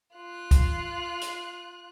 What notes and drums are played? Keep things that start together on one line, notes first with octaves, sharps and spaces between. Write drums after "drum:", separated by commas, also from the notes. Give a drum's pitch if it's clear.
F4 F#6
drum: kick, hi-hat
drum: hi-hat